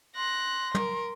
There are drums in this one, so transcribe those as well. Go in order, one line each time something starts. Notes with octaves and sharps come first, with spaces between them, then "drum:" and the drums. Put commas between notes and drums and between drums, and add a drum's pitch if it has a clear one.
C6 F#6 A#6
A#4, drum: tom